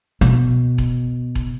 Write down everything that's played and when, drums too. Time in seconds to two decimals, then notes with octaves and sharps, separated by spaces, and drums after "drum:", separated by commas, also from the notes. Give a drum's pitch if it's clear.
0.21 B2
0.78 drum: kick E1
1.35 drum: kick E1